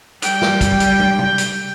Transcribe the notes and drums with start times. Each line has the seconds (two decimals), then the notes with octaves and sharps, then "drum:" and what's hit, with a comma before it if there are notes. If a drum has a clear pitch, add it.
0.22 G3 G5, drum: hi-hat
0.42 drum: snare
0.61 drum: kick, hi-hat
0.80 drum: hi-hat
0.99 drum: tom
1.19 drum: tom
1.38 drum: hi-hat